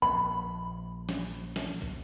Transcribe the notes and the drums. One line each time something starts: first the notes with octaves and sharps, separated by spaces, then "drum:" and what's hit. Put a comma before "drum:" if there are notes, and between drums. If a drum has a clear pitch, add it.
A#1 B5
drum: snare
drum: snare
drum: kick